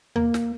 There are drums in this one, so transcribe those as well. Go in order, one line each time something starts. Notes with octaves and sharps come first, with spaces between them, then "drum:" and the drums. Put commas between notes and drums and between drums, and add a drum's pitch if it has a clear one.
A#3, drum: tom D#2
drum: snare